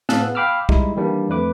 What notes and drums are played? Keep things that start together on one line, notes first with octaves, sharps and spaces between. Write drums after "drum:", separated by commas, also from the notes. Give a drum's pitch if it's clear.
A2 G#4 F5 A5 E6 F#6, drum: snare
B3
F5 G5 B5 D6 E6 F6
G3 G#3 D#4 E4, drum: kick
D#3 E3 G3 A#3 D4
F2 A3 B4 D6